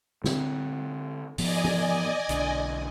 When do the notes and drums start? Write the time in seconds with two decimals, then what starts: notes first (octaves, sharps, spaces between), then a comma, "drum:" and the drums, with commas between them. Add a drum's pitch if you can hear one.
0.24 D3 C4, drum: snare
1.38 G#2 F3 B3 D5 D#5 G#5, drum: open hi-hat
1.64 drum: tom
2.29 B1 D3, drum: hi-hat